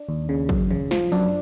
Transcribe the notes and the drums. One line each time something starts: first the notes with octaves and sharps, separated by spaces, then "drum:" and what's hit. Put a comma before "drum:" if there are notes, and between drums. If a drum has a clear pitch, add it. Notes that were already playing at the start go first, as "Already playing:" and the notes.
Already playing: D4
D#2
C#3
F#2, drum: kick
C#3, drum: tom D#3
F3, drum: snare
F#2 D4